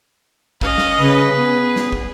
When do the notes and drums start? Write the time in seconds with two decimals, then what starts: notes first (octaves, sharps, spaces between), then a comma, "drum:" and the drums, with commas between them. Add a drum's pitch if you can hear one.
0.61 C#4 D#5 F5, drum: kick
0.78 drum: snare
0.99 C#3 B4
1.36 B3 G#4
1.76 drum: snare
1.92 drum: kick